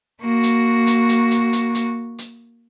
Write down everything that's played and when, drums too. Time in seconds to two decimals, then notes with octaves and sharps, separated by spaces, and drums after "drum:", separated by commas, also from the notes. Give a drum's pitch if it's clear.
0.21 A#3 F#4
0.43 drum: hi-hat
0.87 drum: hi-hat
1.09 drum: hi-hat
1.31 drum: hi-hat
1.53 drum: hi-hat
1.75 drum: hi-hat
2.18 drum: hi-hat